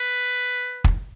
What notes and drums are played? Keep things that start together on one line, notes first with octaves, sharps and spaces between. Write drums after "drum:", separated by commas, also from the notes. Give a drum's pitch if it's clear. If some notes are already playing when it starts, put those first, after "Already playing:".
Already playing: B4
drum: kick